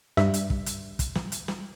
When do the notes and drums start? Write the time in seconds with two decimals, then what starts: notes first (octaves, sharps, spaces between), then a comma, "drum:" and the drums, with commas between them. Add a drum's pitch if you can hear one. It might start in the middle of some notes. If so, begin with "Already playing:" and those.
0.17 G2 E5, drum: snare
0.34 drum: hi-hat
0.50 drum: kick
0.66 drum: hi-hat
0.99 drum: kick, hi-hat
1.15 drum: snare
1.32 drum: hi-hat
1.48 drum: snare